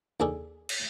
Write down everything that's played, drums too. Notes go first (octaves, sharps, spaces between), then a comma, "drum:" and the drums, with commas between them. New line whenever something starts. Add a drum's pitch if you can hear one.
D#2 D4 G#4 A4
drum: cymbal